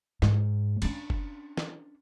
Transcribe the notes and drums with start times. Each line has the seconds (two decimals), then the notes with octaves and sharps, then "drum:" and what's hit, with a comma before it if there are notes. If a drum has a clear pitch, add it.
0.22 G#2, drum: snare
0.82 C#4 D4, drum: cymbal
1.10 drum: kick F#1
1.57 drum: snare